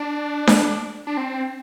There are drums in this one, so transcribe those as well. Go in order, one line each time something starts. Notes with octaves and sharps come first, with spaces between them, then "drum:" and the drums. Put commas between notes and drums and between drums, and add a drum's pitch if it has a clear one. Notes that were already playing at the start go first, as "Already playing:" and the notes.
Already playing: D4
drum: snare D4
D4
C4